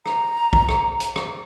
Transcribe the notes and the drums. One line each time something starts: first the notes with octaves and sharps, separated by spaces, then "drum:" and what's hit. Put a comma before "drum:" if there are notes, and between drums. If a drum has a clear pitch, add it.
A#5, drum: rim click
drum: kick
drum: rim click
drum: hi-hat
drum: rim click